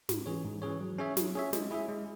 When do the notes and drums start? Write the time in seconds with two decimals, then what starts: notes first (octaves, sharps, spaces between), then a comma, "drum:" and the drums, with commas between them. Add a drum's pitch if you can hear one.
0.09 G#2, drum: snare
0.26 E3 C#4 G#4 C#5
0.44 G#2
0.62 E3 C#4 G#4 C#5
0.81 F#3
0.98 C#4 G#4 C#5 E5
1.17 F#3, drum: snare
1.35 C#4 G#4 C#5 E5
1.53 G#3, drum: snare
1.71 E4 G#4 E5
1.88 G#3